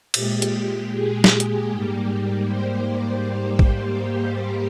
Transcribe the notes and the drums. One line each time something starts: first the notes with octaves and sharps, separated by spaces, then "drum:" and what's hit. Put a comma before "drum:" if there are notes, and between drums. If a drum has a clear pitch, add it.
A#2 G#3 G4, drum: cymbal
drum: hi-hat
G#4
drum: snare
drum: hi-hat
G#2 G3 A#3 G4
C5
drum: kick